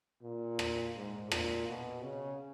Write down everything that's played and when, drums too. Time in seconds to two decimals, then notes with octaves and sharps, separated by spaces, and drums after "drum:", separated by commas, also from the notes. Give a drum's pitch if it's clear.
0.22 A#2
0.59 drum: rim click
0.96 G#2
1.32 A#2, drum: rim click
1.68 B2
2.04 C#3